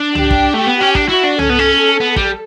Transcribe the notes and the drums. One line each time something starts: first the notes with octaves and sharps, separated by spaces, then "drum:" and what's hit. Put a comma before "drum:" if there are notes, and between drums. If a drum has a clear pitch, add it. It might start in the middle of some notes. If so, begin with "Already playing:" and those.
Already playing: D4
G4, drum: tom C2
drum: kick
A3
B3
C#4 G4
D4, drum: kick
E4 F#4
D4
C#4 A4, drum: tom C2
B3
C#4
B3
G3, drum: kick